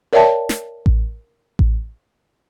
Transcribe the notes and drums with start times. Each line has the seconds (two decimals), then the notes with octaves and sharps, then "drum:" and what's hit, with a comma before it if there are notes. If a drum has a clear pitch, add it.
0.13 A#4 C#5 D5 E5 G5 A5
0.49 drum: snare
0.86 drum: kick A1
1.59 drum: kick A1